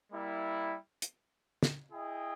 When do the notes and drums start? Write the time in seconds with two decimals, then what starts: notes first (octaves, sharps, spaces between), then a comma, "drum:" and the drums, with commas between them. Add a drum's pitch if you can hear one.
0.12 G3 A#3 E4
1.02 drum: hi-hat
1.63 drum: snare
1.92 E4 G#4 D#5 G5